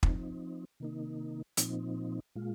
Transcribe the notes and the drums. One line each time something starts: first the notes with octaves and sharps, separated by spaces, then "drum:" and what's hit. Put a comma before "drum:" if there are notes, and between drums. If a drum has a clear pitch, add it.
F3 C4 D#4, drum: kick
C3 D#3 A#3 D#4
A#2 F3 C4 D#4, drum: hi-hat
A#2 G#3 F4